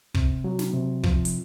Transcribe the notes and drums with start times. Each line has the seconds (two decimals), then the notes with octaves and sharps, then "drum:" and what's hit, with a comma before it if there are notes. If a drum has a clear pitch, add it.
0.14 C3, drum: kick
0.44 F#3
0.59 drum: snare
0.73 C3
1.03 F3, drum: kick
1.25 drum: hi-hat